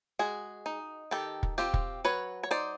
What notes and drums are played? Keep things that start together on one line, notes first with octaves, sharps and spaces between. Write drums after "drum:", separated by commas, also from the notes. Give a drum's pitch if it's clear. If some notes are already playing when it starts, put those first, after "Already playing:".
G#3 F#4 G#4
D#4
D#3 G4 A4
drum: kick
C4 F4 G4
drum: kick
F#3 B4 C#5
C#5
D#4 C5 D5